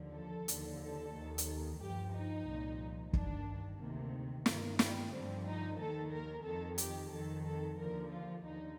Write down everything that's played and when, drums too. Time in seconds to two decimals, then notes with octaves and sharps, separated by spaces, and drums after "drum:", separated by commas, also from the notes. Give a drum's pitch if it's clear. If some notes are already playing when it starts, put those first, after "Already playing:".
Already playing: D#2 D3 F3
0.15 A4
0.48 D#2 D3 F3, drum: hi-hat
0.81 A4
1.15 D#2 D#3
1.38 drum: hi-hat
1.80 G2 F3 G4
2.14 D#4
2.47 C2 A#2 F3
3.13 G2 D#3 D4, drum: kick
3.79 D2 C3 D#3 A#3
4.46 G2 D#3 A#3, drum: snare
4.79 G3, drum: snare
5.12 G2 D3 F3 C4
5.45 D#4
5.78 D#2 D#3 A4
6.12 A#4
6.44 F2 D#3 A4
6.78 G4, drum: hi-hat
7.11 F2 D#3 A4
7.44 A4
7.77 D#2 D3 F3 A#4
8.11 F4
8.43 D#2 D3 F3 D#4